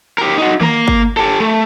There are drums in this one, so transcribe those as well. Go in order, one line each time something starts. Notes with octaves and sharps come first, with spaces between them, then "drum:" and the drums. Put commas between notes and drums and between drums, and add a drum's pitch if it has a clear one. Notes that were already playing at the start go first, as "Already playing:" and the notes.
G4 A#4
D#4 F#4
A#3 A#5, drum: tom D#3
drum: kick G1
G4 A4
A3